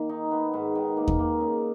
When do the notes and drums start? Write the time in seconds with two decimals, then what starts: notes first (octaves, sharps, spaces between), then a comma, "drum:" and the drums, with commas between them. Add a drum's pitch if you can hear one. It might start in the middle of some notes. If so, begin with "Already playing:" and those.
Already playing: D#3 A#3
0.09 D#4
0.31 B3
0.54 G#2
0.75 D#3
0.97 A#3
1.08 drum: kick E2
1.19 A#3
1.40 C#3